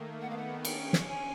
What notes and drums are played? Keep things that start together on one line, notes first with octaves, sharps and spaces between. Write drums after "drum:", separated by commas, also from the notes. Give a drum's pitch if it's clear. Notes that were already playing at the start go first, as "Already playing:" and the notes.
Already playing: D#3 A3 A#3
B3 F#5
F5
F#5
C#4 G5, drum: cymbal
drum: snare
G#5